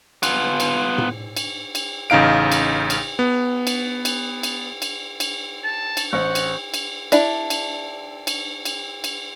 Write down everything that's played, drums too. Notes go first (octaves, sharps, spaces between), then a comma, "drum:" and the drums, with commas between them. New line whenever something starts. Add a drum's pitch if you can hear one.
B3 F4, drum: cymbal
drum: cymbal
drum: tom A2
drum: cymbal
drum: cymbal
A1 C#3 D#4 F5 D7
drum: cymbal
drum: cymbal
B3
drum: cymbal
drum: cymbal
drum: cymbal
drum: cymbal
drum: cymbal
A5
drum: cymbal
A1 C5 F#5 C#6
drum: cymbal
drum: cymbal
D4 E4, drum: cymbal
drum: cymbal
drum: cymbal
drum: cymbal
drum: cymbal